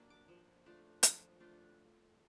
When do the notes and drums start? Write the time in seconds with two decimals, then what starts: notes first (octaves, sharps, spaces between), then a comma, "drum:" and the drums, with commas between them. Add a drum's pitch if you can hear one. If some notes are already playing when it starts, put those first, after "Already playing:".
Already playing: F#3 A#3 D4
0.10 D6
0.28 F3
0.66 A3 D4 F4
1.03 F3, drum: hi-hat
1.40 A3 D4 F4